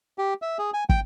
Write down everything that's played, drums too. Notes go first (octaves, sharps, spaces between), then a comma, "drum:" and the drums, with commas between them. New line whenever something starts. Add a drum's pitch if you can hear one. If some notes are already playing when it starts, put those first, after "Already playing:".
G4
E5
G#4
G#5
G5, drum: kick